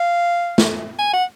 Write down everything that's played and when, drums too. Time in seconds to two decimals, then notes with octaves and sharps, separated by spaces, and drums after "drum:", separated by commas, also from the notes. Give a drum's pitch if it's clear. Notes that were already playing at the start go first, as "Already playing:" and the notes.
Already playing: F5
0.58 drum: snare
0.99 G#5
1.13 F#5